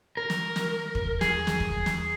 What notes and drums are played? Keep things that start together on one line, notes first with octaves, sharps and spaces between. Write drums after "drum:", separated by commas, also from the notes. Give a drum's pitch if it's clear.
A#4
drum: snare
drum: snare
drum: kick
G#4, drum: snare
drum: snare
drum: kick
drum: snare